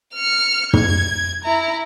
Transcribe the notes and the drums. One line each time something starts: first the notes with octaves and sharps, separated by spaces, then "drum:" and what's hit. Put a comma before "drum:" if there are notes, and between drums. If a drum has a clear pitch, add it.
F6 C#7
G#6, drum: tom
E4 A#5